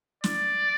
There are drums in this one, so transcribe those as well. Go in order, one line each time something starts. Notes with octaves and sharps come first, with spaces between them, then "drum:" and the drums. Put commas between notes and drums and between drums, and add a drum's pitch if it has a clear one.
D5, drum: snare